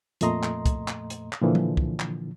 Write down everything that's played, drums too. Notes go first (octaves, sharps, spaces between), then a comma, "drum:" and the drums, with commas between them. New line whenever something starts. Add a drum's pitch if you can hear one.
F2 A#2 A3 D#5 A#5 C6, drum: hi-hat
drum: clap
drum: kick, hi-hat
drum: clap
drum: hi-hat
drum: clap
A#2 D3 E3 F3
drum: tom
drum: kick
drum: clap